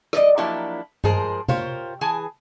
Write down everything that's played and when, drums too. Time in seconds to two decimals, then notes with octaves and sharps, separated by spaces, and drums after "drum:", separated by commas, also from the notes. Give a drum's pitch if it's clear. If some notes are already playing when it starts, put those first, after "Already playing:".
0.13 D5 D#5, drum: rim click
0.37 F3 F#3 A#3 D4 E4 G4
1.04 F3 G#3 G#4 A#4 C5, drum: tom G2
1.48 F4 G4 A#4 C5 C#5 F5, drum: tom C3
2.01 E3 G#4 G#5 A5